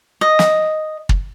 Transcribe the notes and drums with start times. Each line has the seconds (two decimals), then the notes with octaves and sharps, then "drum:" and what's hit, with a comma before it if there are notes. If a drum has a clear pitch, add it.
0.21 D#5
0.39 drum: snare
1.09 drum: kick